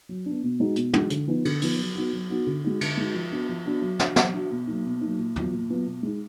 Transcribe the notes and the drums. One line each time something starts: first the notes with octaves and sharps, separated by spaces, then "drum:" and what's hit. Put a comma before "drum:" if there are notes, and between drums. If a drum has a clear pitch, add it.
F#3
B3 D4
B2
G#3 D#4 F#4
B2, drum: hi-hat
G#3 D#4 F#4, drum: tom
D3, drum: hi-hat
F3 B3 D#4
D3, drum: cymbal
F3 B3 D#4, drum: open hi-hat
F#3
B3 D#4 F#4
F#3
B3 D#4 F#4
D3
G#3 D#4 F#4
D3, drum: cymbal
G#3 D#4 F#4
F3
B3 D4 F#4
F3
B3 D4 F#4
F#3
D4 F#4, drum: snare
F#3, drum: snare
D4 F#4
B2
F#3 A#3 D#4
B2
F#3 A#3 D#4
A#2
F#3 B3 F4, drum: tom
A#2
F#3 B3 F4
B2
G#3 D#4